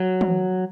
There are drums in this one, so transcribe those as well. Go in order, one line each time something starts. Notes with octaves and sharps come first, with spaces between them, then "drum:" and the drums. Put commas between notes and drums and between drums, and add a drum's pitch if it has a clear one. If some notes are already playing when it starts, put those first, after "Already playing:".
Already playing: F#3
drum: tom